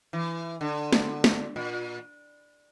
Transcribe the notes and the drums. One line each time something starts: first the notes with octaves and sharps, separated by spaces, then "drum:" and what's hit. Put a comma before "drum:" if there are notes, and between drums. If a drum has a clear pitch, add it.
E3
D3
drum: snare
drum: snare
A#2